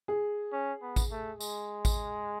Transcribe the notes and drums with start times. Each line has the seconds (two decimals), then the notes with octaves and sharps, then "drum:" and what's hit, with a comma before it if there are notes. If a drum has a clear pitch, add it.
0.08 G#4
0.52 C#4
0.82 B3
0.96 drum: kick A1, tambourine
1.11 A3
1.41 G#3, drum: tambourine
1.85 drum: kick A1, tambourine